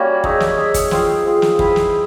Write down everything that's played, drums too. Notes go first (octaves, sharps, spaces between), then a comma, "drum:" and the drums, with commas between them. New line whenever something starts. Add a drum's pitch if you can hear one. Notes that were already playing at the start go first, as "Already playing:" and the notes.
Already playing: G3 A#3 C#4 F#4
D#4 G#4 C#5 E5, drum: kick
drum: snare
D#4 G#4 C#5 E5
drum: kick, hi-hat
C4 F4 G#4, drum: snare
C4 F4 G#4
drum: snare
C4 E4 G#4 B4, drum: kick
drum: snare